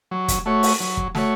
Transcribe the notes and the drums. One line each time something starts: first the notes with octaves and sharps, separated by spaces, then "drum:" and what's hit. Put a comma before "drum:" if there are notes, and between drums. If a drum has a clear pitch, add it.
F#3
drum: kick, hi-hat
A3 F#4 C#5
drum: open hi-hat
F#3
drum: kick
A3 F#4 C#5, drum: snare